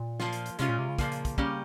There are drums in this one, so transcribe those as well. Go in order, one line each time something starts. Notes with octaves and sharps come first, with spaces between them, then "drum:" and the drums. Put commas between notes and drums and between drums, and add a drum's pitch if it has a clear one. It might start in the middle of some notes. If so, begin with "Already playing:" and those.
Already playing: A#2
F3 A#3 F4, drum: snare
drum: hi-hat
drum: hi-hat
C3 G#3 C#4 F4, drum: hi-hat
A#2
C3
C#3
A#2 F3 A#3, drum: kick, hi-hat
drum: hi-hat
drum: kick, hi-hat
G3 A#3 C#4 G4, drum: kick